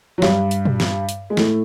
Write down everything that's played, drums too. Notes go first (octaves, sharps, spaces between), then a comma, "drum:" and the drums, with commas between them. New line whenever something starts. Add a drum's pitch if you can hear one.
F#3
G2 G3, drum: snare
drum: hi-hat
drum: tom A#2
drum: snare
drum: hi-hat
G#3
A2 A3, drum: snare